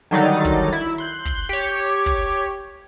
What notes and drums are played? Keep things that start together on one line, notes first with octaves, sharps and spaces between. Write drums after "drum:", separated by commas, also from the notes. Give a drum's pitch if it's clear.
D3 D#3 F#3 G3 D#4 A6
drum: kick
E4
C6 F#6 G6
drum: kick
G4 C#5
drum: kick